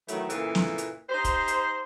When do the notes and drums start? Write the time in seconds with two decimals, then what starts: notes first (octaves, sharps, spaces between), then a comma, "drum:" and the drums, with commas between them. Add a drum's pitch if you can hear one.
0.08 D#3 E3 F#3 A3, drum: hi-hat
0.30 A#2 C#3 E3 A#3 A4, drum: hi-hat
0.55 drum: snare
0.78 drum: hi-hat
1.10 D#4 G4 C5
1.24 drum: kick, hi-hat
1.48 drum: hi-hat